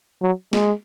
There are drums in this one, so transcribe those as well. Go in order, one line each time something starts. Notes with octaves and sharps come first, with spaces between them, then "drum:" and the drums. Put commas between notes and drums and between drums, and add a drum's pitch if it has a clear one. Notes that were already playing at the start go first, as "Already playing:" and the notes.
F#3
G#3, drum: snare